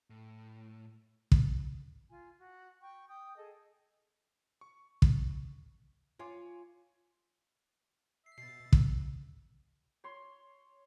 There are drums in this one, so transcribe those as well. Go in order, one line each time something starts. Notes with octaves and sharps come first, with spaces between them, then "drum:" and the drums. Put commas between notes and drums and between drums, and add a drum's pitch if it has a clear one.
A2
drum: kick
F4 G#5
F#4
G5 C#6
G5 D#6
G#4 A4 D#5
C#6
drum: kick
F4 C#5 G#5 D6
E5 C7
B2 A6 C7
drum: kick
C#5 C6